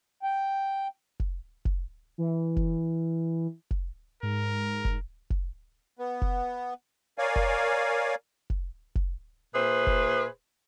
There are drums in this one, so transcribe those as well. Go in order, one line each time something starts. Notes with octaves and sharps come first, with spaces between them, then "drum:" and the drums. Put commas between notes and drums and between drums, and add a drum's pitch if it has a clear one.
G5
drum: kick F1
drum: kick F1
E3
drum: kick F1
drum: kick F1
G#2 A#4
drum: kick F1
drum: kick F1
B3
drum: kick F1
A#4 C#5 D5 F5 G#5
drum: kick F1
drum: kick F1
drum: kick F1
A#2 G#4 B4 C5 E5
drum: kick F1